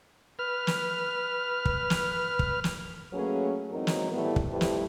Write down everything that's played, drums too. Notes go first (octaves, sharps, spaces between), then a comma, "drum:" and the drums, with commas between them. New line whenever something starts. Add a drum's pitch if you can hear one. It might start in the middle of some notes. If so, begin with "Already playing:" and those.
B4 F6
drum: snare
drum: kick
drum: snare
drum: kick
drum: snare
F#3 A3 A#3 C#4 G#4 B4
E2 G#2 F#3 C4 D#4 A#4
drum: snare
A2 E3 G3 A3 B3
drum: kick
F2 G3 A3 E4 G4 B4
drum: snare